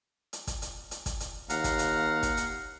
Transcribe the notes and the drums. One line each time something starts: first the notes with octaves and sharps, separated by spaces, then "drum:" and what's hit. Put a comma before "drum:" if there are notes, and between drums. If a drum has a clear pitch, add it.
drum: hi-hat
drum: kick, hi-hat
drum: hi-hat
drum: hi-hat
drum: kick, hi-hat
drum: hi-hat
D#2 F5 F#5 A#5, drum: hi-hat
drum: kick, hi-hat
drum: hi-hat
drum: kick, hi-hat
drum: hi-hat